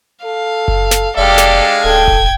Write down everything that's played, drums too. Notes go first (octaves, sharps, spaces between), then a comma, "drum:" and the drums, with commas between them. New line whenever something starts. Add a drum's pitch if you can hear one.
A4 F5
drum: kick F#1
drum: snare
F1 G#3 D4 G4 A4 D5 F5
drum: snare
D1 A4 G5 G#6
drum: kick F#1